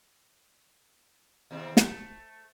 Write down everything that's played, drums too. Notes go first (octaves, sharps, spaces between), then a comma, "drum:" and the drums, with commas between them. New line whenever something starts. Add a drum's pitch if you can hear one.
D#2 C3 C4
A3, drum: snare